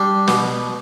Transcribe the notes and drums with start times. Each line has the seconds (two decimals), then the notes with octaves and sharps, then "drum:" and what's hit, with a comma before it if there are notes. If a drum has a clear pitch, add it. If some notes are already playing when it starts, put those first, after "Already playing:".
Already playing: G3 D4
0.28 B2, drum: snare